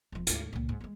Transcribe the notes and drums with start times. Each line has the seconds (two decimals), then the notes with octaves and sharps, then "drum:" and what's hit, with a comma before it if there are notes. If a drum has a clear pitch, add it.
0.12 E1 F3
0.27 D2 G#2, drum: hi-hat
0.53 C#2 A#2
0.69 G#2
0.81 F#3 G#3